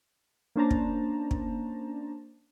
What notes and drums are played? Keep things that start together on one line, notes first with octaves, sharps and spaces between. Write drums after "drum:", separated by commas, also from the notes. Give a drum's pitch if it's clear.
A#3 C#4 D4 C5 A5 A#5
drum: kick
drum: kick